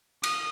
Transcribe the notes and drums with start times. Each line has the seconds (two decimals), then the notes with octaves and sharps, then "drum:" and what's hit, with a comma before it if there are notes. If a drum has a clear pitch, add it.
0.23 D#6, drum: cymbal